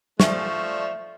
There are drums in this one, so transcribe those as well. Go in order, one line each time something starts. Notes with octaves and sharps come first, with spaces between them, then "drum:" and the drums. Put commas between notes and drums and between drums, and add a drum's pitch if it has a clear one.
F3 A3 D5 E5 C#6, drum: snare